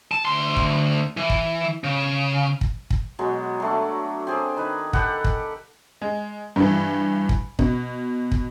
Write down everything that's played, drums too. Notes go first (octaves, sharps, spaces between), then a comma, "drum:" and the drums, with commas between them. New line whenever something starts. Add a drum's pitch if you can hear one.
A5
D2 C6
drum: kick
E3
drum: kick
C#3
drum: kick
drum: kick
B2 F#3 G#3
F#3 A3 D4
C4 G4 G#4
D#3 D#4 B4
G4 A4 B4 F#5, drum: kick
drum: kick
G#3
G2 E3
drum: kick
B2, drum: kick
drum: kick